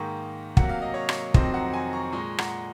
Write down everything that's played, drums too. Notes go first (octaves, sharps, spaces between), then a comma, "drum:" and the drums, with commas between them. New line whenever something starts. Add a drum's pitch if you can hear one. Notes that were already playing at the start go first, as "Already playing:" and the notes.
Already playing: G#2 D#3 A#3 A#5 C#6
C3 F#3 A#3 F#5, drum: kick
F5
D#5
C#5 F5
drum: rim click
F2 C3 D#3 F#3 C5 D#5, drum: kick
F#5 A#5
G#5 C6
A#5 C#6
A#2 G#3 A#5 C#6
F#5 A#5, drum: rim click